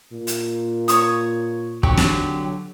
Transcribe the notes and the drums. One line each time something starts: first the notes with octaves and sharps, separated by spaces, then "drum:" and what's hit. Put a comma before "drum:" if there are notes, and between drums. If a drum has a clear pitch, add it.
A#2
drum: hi-hat
C#5 C#6 D#6, drum: hi-hat
D3 F#3 G4 C#6, drum: kick
drum: snare